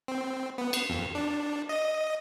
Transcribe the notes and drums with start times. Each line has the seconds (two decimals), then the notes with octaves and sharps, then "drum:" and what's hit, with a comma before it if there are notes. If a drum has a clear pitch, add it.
0.08 C4
0.58 B3
0.73 drum: cymbal
0.89 F2
1.15 D4
1.69 D#5